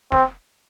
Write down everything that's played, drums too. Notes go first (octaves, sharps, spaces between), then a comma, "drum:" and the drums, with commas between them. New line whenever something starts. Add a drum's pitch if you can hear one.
C4, drum: snare